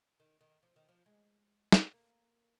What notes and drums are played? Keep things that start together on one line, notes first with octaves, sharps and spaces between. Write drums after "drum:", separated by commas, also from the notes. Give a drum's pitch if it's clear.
D#3
D#3
F3
D#3
F3
G#3
drum: snare
A#3